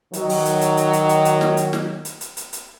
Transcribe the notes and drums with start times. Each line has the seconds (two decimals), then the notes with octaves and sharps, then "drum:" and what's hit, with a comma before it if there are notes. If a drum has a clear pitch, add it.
0.13 D#3 F#3, drum: hi-hat
0.29 drum: open hi-hat
0.45 drum: hi-hat
0.61 drum: hi-hat
0.77 drum: hi-hat
0.93 drum: hi-hat
1.09 drum: hi-hat
1.25 drum: hi-hat
1.41 drum: snare
1.57 drum: hi-hat
1.73 drum: snare
2.05 drum: hi-hat
2.21 drum: hi-hat
2.37 drum: hi-hat
2.53 drum: hi-hat